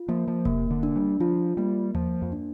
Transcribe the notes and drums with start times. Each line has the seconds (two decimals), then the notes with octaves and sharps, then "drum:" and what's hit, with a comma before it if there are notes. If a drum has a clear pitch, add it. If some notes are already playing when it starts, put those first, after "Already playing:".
Already playing: F4
0.08 F3 A#3
0.28 F3
0.45 C3 A#3, drum: kick E1
0.70 D3
0.83 D4
0.96 G3
1.20 F3 F4
1.57 G3 A#3
1.95 F3 A#3, drum: tom D#2
2.22 F2
2.32 D4